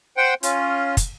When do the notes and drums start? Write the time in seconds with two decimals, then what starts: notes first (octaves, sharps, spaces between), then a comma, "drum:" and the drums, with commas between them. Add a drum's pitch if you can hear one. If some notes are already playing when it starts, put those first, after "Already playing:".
0.17 C5 F#5 G5
0.43 C#4 F4, drum: hi-hat
0.97 drum: kick, hi-hat